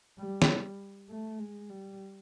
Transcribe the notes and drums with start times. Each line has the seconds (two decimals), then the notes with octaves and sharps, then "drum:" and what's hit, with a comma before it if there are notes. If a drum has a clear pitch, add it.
0.19 G3
0.42 drum: snare
1.09 A3
1.39 G#3
1.70 G3